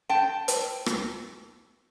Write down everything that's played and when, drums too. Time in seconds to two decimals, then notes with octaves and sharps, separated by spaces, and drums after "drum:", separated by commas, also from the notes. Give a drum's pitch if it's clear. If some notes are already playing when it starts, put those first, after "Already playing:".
0.09 G5 A5
0.48 drum: hi-hat
0.86 drum: rim click